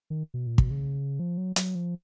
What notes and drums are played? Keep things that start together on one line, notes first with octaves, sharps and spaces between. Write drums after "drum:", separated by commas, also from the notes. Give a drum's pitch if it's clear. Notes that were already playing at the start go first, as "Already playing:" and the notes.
D#3
B2
A#2
B2, drum: kick
C#3
F3
F#3
F#3, drum: hi-hat
F3